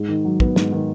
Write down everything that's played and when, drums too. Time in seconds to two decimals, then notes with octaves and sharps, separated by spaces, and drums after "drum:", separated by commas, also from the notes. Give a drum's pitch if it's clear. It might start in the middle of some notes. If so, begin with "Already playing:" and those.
Already playing: G#2 G#4
0.08 D#3
0.25 F#3
0.40 B3, drum: kick
0.56 G#2, drum: snare
0.72 D#3